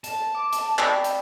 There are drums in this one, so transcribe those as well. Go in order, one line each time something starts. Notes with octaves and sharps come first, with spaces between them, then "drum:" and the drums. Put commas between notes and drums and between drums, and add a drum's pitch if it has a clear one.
A5, drum: hi-hat
D6
drum: hi-hat
C4 D5 G5 B5, drum: clap
drum: hi-hat